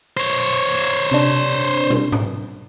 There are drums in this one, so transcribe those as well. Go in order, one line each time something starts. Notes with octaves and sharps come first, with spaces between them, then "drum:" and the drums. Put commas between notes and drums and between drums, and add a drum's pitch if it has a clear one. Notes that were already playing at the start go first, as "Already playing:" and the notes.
C5 C#5
C3 D4
drum: tom
drum: tom G#2